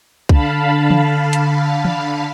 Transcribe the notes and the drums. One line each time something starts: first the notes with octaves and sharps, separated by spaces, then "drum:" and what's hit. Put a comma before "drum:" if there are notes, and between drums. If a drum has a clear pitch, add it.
D3 F5 A5 B5, drum: kick C2
drum: tom
drum: hi-hat
drum: tom